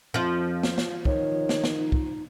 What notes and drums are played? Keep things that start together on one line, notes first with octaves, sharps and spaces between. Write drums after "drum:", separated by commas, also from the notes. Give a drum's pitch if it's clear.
F2 F3 F4
drum: snare
drum: snare
D#3 C#5, drum: kick
drum: snare
drum: snare
D#4
drum: kick